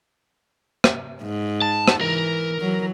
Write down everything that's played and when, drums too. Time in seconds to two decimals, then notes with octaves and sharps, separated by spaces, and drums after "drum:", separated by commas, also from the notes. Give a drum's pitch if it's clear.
0.84 drum: rim click
1.23 G#2
1.62 A5
1.88 drum: rim click
2.01 E3 A#4
2.61 E3 F#3